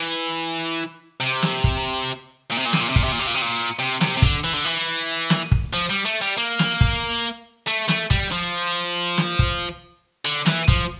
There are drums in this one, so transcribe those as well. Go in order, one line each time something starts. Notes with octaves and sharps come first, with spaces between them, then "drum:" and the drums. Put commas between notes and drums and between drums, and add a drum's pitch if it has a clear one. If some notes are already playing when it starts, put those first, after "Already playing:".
Already playing: E3
C3
drum: snare
drum: kick
A#2
C3
A#2
C3, drum: snare
A#2
C3
A#2, drum: kick
C3
A#2
C3
A#2
C3
A#2
C3
C3, drum: snare
C3
D3, drum: kick
E3
D3
E3
drum: snare
drum: kick
F3
G3
A3
G3
A#3
drum: snare
drum: kick
A3
A3, drum: snare
G3, drum: kick
F3
drum: snare
drum: kick
D3
E3, drum: snare
F3, drum: kick